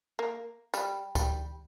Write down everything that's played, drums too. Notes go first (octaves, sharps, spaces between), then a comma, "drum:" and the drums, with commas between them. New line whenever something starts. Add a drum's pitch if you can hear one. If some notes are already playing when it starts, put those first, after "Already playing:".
A#3
G3, drum: tambourine
G3, drum: kick D2, tambourine